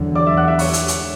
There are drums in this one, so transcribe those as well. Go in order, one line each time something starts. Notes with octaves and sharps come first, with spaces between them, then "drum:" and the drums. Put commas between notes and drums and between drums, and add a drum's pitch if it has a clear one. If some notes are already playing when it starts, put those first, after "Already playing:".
Already playing: E2 D3 F#3
D5 D6
E5 E6
F#5 F#6
E5 E6
C#5 C#6, drum: open hi-hat
drum: hi-hat
drum: hi-hat